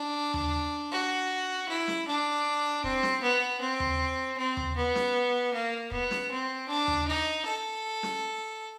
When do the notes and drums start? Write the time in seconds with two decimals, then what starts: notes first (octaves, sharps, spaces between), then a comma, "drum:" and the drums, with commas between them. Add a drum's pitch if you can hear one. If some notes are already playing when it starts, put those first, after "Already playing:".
Already playing: D4
0.34 drum: tom D#2
0.91 F#4
1.68 E4
1.88 drum: snare
2.07 D4
2.84 C4, drum: kick
3.03 drum: snare
3.22 B3
3.61 C4
3.80 drum: tom D#2
4.37 C4
4.57 drum: tom D#2
4.76 B3
4.95 drum: snare
5.53 A#3
5.91 B3, drum: kick
6.11 drum: snare
6.30 C4
6.68 D4
6.88 drum: tom D#2
7.07 D#4
7.45 A4
8.03 drum: snare